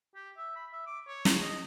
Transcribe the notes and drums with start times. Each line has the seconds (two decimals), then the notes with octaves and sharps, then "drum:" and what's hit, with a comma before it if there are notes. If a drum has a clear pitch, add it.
0.15 G4
0.37 E5
0.56 B5
0.73 E5
0.86 D6
1.07 C#5
1.25 drum: snare
1.42 D#5